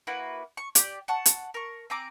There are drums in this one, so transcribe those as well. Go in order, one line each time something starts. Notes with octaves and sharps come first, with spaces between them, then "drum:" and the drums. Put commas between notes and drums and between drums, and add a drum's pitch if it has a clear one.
A#3 E4 F#4 B4
C#6
G4 D5, drum: hi-hat
F#5 A5 C#6
drum: hi-hat
A#4 C#6
C4 G#5 A#5 D6